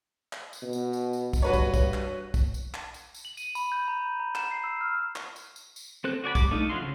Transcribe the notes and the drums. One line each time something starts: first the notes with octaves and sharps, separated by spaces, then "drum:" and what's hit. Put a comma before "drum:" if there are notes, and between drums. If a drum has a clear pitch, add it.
drum: clap
drum: tambourine
B2
drum: tambourine
drum: tambourine
drum: tambourine
drum: kick, tambourine
G2 F#4 B4 C#5
drum: kick, tambourine
drum: kick, tambourine
drum: clap
drum: kick, tambourine
drum: tambourine
drum: clap
drum: tambourine
drum: tambourine
F#7
D#7, drum: tambourine
B5, drum: tambourine
G6
A#5
A#5
E7, drum: clap
C7
E6
F6
drum: clap
drum: tambourine
drum: tambourine
drum: tambourine
C4 A4 C5 F#6
F#4 D5 G#5 B5
G3 D6, drum: kick, tambourine
A3 D4 D#4 F4
F3 E4 F#4 F5 C6
C#3